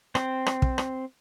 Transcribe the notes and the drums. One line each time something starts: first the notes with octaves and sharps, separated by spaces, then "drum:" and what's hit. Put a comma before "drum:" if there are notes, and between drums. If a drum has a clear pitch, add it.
C4, drum: rim click
drum: rim click
drum: kick
drum: rim click